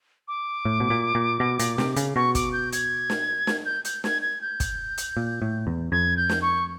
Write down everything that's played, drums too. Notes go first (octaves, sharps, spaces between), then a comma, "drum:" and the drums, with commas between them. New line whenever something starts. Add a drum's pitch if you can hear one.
D6
A2
B2
A#2
A#2
B2
A#2, drum: hi-hat
C3, drum: snare
C#3, drum: hi-hat
B2 C#6
D6, drum: kick, hi-hat
G6
G#6, drum: hi-hat
drum: snare
drum: snare
G6
G6, drum: hi-hat
G#6, drum: snare
G#6
G6
drum: kick, hi-hat
drum: hi-hat
A#2
A2
E2
F2 G#6
G6
drum: snare
C#6